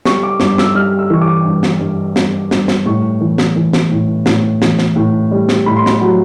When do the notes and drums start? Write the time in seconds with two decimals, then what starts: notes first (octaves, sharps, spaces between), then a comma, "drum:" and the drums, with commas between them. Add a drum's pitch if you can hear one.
0.05 G3 C#6, drum: snare
0.23 D6
0.40 G2 D6, drum: snare
0.58 E6, drum: snare
0.75 G3 F6
0.99 E6
1.10 E3 C#6
1.21 D6
1.45 G2
1.63 drum: snare
1.80 G2
2.16 G2, drum: snare
2.51 G2, drum: snare
2.68 drum: snare
2.86 A2 C#6
3.21 E3
3.38 drum: snare
3.56 E3
3.73 drum: snare
3.91 A2
4.26 A2, drum: snare
4.62 E3, drum: snare
4.79 drum: snare
4.96 A2
5.31 G3
5.49 drum: snare
5.66 A2 B5
5.76 C6
5.86 B5, drum: snare
6.01 F#3